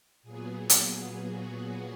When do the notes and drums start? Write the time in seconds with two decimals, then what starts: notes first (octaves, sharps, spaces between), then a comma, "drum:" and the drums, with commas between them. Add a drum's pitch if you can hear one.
0.22 A#2 F#3 B3 G#4
0.69 drum: hi-hat
1.27 F#4